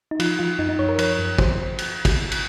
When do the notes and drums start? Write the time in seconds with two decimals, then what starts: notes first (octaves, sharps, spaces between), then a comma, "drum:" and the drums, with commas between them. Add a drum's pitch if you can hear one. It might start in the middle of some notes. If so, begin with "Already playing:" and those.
0.11 D#4
0.20 F3 F4, drum: cymbal
0.39 F3 F4
0.59 F#2 D#4
0.69 D#4
0.79 F#2 C#5
0.89 A#4
0.98 F3 C#5, drum: cymbal
1.19 F#2
1.39 F3 C5, drum: kick
1.78 drum: cymbal
2.05 drum: kick, cymbal
2.31 drum: cymbal